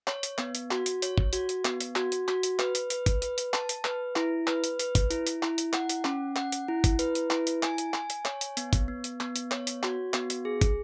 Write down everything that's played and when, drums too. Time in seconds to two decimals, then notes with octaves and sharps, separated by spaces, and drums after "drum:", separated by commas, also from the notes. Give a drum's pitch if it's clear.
0.07 C#5, drum: clap
0.23 drum: hi-hat
0.38 B3, drum: clap
0.55 drum: hi-hat
0.71 F#4, drum: clap
0.86 drum: hi-hat
1.02 C#5, drum: hi-hat
1.18 drum: kick
1.33 F#4, drum: hi-hat
1.49 drum: hi-hat
1.65 B3, drum: clap
1.80 drum: hi-hat
1.96 F#4, drum: clap
2.12 drum: hi-hat
2.28 F#4, drum: clap
2.43 drum: hi-hat
2.59 B4, drum: clap
2.75 drum: hi-hat
2.90 B4, drum: hi-hat
3.06 drum: kick, hi-hat
3.22 B4, drum: hi-hat
3.38 drum: hi-hat
3.54 A5, drum: clap
3.69 drum: hi-hat
3.85 B4, drum: clap
4.16 E4, drum: clap
4.47 B4, drum: clap
4.64 drum: hi-hat
4.79 B4, drum: hi-hat
4.95 drum: kick, hi-hat
5.11 E4, drum: hi-hat
5.27 drum: hi-hat
5.43 E4, drum: clap
5.58 drum: hi-hat
5.73 F#5, drum: clap
5.89 drum: hi-hat
6.05 C#4, drum: clap
6.36 F#5, drum: clap
6.52 drum: hi-hat
6.68 E4
6.84 drum: kick, hi-hat
6.99 B4, drum: hi-hat
7.15 drum: hi-hat
7.30 E4, drum: clap
7.47 drum: hi-hat
7.63 G#5, drum: clap
7.78 drum: hi-hat
7.94 G#5, drum: clap
8.10 drum: hi-hat
8.25 C#5, drum: clap
8.41 drum: hi-hat
8.57 B3, drum: hi-hat
8.73 drum: kick, hi-hat
8.88 B3
9.04 drum: hi-hat
9.20 B3, drum: clap
9.36 drum: hi-hat
9.51 C#5, drum: clap
9.67 drum: hi-hat
9.83 F#4, drum: clap
10.14 B3, drum: clap
10.30 drum: hi-hat
10.45 G#4
10.61 drum: kick, hi-hat